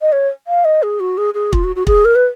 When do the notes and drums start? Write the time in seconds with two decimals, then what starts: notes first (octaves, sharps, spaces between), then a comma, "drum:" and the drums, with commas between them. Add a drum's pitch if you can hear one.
0.02 D#5
0.12 C#5
0.47 F5
0.65 D#5
0.83 G#4
1.00 F#4
1.18 G#4
1.34 G#4
1.53 F4, drum: kick
1.64 F#4
1.76 F#4
1.87 G#4, drum: kick
2.05 A#4
2.15 B4